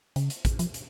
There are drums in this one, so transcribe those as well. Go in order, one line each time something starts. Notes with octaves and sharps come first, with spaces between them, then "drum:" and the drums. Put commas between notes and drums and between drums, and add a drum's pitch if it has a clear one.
C#3, drum: hi-hat
drum: hi-hat
drum: kick A1, hi-hat
F3, drum: hi-hat
drum: hi-hat